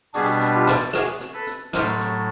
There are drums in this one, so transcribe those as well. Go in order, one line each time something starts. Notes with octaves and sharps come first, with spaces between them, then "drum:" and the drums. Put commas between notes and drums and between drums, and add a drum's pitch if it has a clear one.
B2 G3 B3 D4 F#4 G#4, drum: open hi-hat
drum: hi-hat
F4 G4
drum: rim click
F#4 G#4, drum: rim click
drum: hi-hat
A4 B4
drum: hi-hat
A2 F#3 A3 A#4 C5, drum: rim click
drum: hi-hat